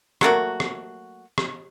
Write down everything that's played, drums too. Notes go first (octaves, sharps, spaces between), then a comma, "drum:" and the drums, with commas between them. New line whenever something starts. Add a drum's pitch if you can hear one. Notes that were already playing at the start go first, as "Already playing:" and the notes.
F#3 A3 A#3 F#4, drum: rim click
drum: rim click
drum: rim click